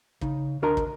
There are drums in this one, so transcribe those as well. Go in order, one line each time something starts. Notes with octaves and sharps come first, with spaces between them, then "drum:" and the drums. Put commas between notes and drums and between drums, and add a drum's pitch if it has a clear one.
C#3 D#4, drum: kick
D2 D4 A#4 D#5 A#5 C6
drum: kick